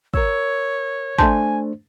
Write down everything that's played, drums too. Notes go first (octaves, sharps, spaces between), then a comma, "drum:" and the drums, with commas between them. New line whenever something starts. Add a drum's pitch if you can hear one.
A#4 C#5 E6, drum: kick
A3 D4 C5 G#5 A5 C6 G6, drum: kick